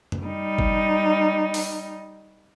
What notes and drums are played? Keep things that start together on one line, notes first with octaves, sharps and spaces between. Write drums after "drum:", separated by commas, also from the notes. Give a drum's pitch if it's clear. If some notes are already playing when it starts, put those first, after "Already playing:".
drum: tom
G3 D#4
drum: kick G1
drum: open hi-hat